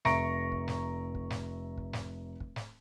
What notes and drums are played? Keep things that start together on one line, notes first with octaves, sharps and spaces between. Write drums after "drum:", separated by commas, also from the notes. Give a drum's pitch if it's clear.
F1 E5 A#5 C#6 A#6 D7, drum: snare
drum: kick
drum: snare
drum: kick
drum: snare
drum: kick
drum: snare
drum: kick
drum: snare